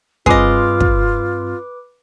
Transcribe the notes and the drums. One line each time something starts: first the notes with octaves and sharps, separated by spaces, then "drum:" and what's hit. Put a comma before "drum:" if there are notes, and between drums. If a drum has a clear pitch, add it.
G2 C4 F4 G#4 B4 D#5 C6 D6, drum: kick
drum: kick